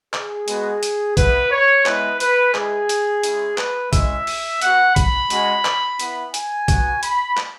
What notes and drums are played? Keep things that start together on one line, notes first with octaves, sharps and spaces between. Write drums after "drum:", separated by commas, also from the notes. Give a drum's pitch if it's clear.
G#4, drum: clap
G#3 B3 F#4, drum: hi-hat
drum: hi-hat
B3 E4 B4, drum: kick A#1, hi-hat
C#5
G#3 B3 E4 B4, drum: clap
B4, drum: hi-hat
G#3 E4 G#4, drum: clap
drum: hi-hat
G#3 C#4 E4, drum: hi-hat
B4, drum: clap
G#3 C#4 E4 E5, drum: kick A#1, hi-hat
drum: open hi-hat
B3 F#4 F#5, drum: hi-hat
B5, drum: kick A#1, hi-hat
G#3 C#4 F#4, drum: hi-hat
drum: clap
B3 E4, drum: hi-hat
G#5, drum: hi-hat
B3 F#4, drum: kick A#1, hi-hat
B5, drum: hi-hat
drum: clap